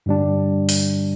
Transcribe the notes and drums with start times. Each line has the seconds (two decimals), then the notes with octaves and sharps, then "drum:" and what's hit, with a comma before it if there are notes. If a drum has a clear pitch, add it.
0.06 G2 D3 G3 D4
0.69 drum: open hi-hat